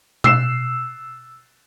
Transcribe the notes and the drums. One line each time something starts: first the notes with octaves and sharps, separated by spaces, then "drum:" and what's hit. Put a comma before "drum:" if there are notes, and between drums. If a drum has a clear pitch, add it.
E6 C7 E7, drum: tom B2